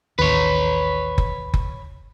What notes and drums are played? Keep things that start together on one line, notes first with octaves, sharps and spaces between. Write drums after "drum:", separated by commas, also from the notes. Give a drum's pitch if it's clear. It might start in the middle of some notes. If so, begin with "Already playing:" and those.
A1 D#2 B4 C#5
drum: kick F#1
drum: kick F#1